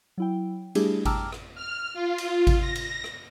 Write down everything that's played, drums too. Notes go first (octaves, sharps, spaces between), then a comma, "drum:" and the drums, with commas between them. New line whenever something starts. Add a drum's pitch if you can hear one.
F#3 E4 G5
G3 A3 D4 E4 G4 G#4, drum: cymbal
G5 A5 A#5 D6 E6 F6, drum: kick G#1, cymbal
drum: rim click
F6
F4
drum: cymbal
drum: kick G#1, cymbal
A#6
drum: cymbal
drum: rim click